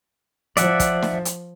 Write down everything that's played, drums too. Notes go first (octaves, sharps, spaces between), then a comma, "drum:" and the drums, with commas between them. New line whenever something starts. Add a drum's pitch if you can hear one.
F3 D5 E5 F#5, drum: hi-hat
drum: kick, hi-hat
drum: snare
drum: hi-hat